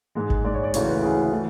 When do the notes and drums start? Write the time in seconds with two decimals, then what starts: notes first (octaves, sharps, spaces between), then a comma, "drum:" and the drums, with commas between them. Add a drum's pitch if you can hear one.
0.15 G#2 G#3
0.30 drum: kick G#1
0.44 G#2 G#3 D5
0.54 C#5
0.64 D5
0.74 D2 C#3 E3 C#5, drum: hi-hat
0.88 B4
1.02 D2 C#3 E3 G#4
1.32 E3 A3